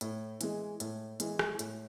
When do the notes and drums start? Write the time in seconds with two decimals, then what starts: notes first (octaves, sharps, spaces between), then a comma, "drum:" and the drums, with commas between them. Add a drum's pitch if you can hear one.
0.01 A2, drum: hi-hat
0.41 E3 G#3, drum: hi-hat
0.80 A2, drum: hi-hat
1.20 E3 G#3, drum: hi-hat
1.39 drum: rim click
1.59 A2, drum: hi-hat